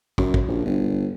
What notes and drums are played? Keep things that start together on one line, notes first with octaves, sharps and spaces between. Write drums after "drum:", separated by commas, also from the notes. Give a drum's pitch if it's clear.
F#2, drum: kick
drum: kick
A#1
G1